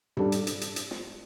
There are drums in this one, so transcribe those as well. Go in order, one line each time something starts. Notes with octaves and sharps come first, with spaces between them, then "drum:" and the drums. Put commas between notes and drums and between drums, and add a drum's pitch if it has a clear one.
G3 D4 A4, drum: tom G#2
drum: hi-hat
drum: hi-hat
drum: hi-hat
drum: hi-hat
drum: snare